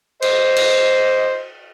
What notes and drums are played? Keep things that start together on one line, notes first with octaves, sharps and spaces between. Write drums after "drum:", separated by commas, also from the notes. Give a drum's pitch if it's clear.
C5 D#5, drum: cymbal
drum: cymbal